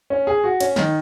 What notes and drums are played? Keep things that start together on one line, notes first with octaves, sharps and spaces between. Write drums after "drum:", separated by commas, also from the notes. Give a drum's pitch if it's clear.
C#4
G#4
F#4
C#4, drum: cymbal
D#3, drum: snare